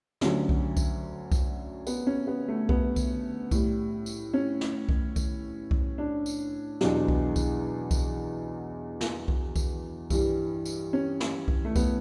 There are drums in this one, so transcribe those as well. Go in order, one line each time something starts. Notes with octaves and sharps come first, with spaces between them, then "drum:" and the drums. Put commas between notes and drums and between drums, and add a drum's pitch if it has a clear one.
D2 D3 F#3 C#4, drum: snare
drum: kick B1
drum: kick B1, tambourine
drum: kick B1, tambourine
B3, drum: tambourine
C#4
B3
A3
B3, drum: kick B1
drum: kick B1, tambourine
A2 G3, drum: kick B1, tambourine
drum: tambourine
C#4
drum: snare
drum: kick B1
drum: kick B1, tambourine
drum: kick B1
D4
drum: tambourine
E2 B2 F#3 D4, drum: snare
drum: kick B1
drum: kick B1, tambourine
drum: kick B1, tambourine
drum: snare
drum: kick B1
drum: kick B1, tambourine
G2 E3 G3, drum: kick B1, tambourine
drum: tambourine
C#4
drum: snare
drum: kick B1
A3
B3, drum: kick B1, tambourine